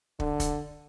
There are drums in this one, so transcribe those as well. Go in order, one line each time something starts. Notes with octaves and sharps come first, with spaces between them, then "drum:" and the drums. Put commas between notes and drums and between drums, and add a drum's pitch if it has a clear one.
D3, drum: kick
drum: kick, hi-hat